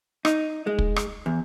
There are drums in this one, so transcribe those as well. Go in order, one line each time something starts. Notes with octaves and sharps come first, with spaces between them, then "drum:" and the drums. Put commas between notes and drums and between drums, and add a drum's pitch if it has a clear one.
D#4, drum: rim click
G#3
drum: kick
drum: rim click
E2